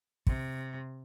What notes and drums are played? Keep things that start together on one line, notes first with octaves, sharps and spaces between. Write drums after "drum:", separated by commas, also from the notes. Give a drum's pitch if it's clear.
C3, drum: kick